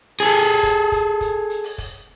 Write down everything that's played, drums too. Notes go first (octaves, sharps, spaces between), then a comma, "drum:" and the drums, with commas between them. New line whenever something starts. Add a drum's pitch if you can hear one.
G#4 A4, drum: hi-hat
drum: hi-hat
drum: open hi-hat
drum: kick, open hi-hat
drum: kick, hi-hat
drum: kick, hi-hat
drum: hi-hat
drum: open hi-hat
drum: kick, open hi-hat